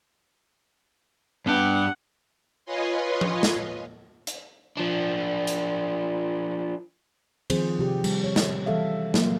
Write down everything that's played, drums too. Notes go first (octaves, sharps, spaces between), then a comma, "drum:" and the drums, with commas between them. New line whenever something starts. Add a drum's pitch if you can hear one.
G2 B3 D4 G4 F#5
F4 B4 C#5 D#5 G#5 C6
drum: tom F3
drum: snare
drum: hi-hat
F3 D4
drum: hi-hat
D#3 F3 C4 G#4 C5, drum: cymbal
C3 G4
G3, drum: cymbal
C#5
drum: snare
E3 G3 A4 E5 F5
F#3 A#3, drum: snare